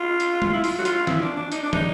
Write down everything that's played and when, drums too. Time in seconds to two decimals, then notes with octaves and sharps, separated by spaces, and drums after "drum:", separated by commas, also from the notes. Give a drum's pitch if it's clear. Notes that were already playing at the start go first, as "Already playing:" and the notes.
Already playing: F4
0.20 drum: hi-hat
0.42 drum: tom G3
0.53 E4
0.64 F4, drum: open hi-hat
0.78 F#4
0.85 F4, drum: hi-hat
1.07 E4, drum: snare
1.22 D4
1.36 D4
1.52 D#4, drum: hi-hat
1.63 D4
1.73 D#4, drum: tom